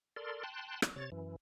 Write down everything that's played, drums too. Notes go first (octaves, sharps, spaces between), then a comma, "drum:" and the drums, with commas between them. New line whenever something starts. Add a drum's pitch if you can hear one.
A4 A#4 D5 C6
G5 A5 C6 F#6
drum: rim click
C3 C#5 A6
F#2 E3